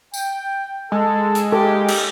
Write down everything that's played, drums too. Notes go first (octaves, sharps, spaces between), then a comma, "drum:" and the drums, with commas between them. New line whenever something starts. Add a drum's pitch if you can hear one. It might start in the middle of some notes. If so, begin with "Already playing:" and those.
G5, drum: tambourine
G#3 A4
drum: hi-hat
A#3 D#4 G4 A4
drum: cymbal